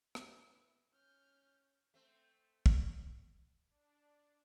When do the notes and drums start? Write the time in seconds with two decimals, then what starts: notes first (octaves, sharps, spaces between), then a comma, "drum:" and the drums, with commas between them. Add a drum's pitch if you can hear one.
0.15 E4 B4, drum: rim click
0.94 C#4 F6 G6
1.94 A3 C4
2.66 drum: kick
3.70 D4